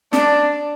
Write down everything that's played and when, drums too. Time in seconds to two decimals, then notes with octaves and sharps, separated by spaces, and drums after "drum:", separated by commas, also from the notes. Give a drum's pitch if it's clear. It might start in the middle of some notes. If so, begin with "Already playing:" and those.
0.13 D4, drum: snare